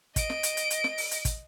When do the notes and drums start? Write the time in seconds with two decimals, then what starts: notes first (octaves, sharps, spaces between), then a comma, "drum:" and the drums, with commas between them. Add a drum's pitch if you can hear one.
0.16 D#5 D7, drum: kick, hi-hat
0.30 drum: snare
0.43 drum: hi-hat
0.57 drum: hi-hat
0.70 drum: hi-hat
0.84 drum: snare
0.98 drum: open hi-hat
1.11 drum: hi-hat
1.25 drum: kick, hi-hat